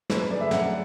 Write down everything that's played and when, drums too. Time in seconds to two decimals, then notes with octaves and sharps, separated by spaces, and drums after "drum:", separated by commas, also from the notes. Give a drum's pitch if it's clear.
0.10 F#2 B4, drum: snare
0.20 B4
0.31 D3 A3 D4 G#4 D5
0.41 E5
0.51 F#2 F#5, drum: snare